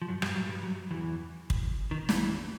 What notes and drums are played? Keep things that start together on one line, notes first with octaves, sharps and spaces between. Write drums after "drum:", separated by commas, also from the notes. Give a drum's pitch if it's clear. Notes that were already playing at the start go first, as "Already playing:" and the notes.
F3
F#2 F#3
G2 G3, drum: rim click
F#2 F#3
G2 G3
F#2 F#3
E2 E3
drum: kick
D#3
E2 E3, drum: snare